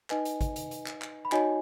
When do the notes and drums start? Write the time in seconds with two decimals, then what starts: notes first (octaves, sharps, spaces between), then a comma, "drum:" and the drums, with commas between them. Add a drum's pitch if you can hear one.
0.10 D#4 B4 D#5 G#5, drum: clap
0.25 drum: hi-hat
0.41 drum: kick, hi-hat
0.56 drum: hi-hat
0.71 drum: hi-hat
0.86 drum: clap
1.02 drum: clap
1.25 B5
1.32 D#4 F#4 C#5 D#5 G#5, drum: clap